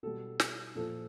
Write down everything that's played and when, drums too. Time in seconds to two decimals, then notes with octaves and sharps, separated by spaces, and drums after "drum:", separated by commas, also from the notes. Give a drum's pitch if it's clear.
0.03 B2 G3 A4
0.40 drum: snare
0.75 A#2 F3 A4